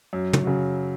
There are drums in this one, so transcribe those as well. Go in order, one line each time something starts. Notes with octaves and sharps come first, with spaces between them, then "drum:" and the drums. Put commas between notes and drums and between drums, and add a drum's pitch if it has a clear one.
F#2
drum: tom
C#3 F#3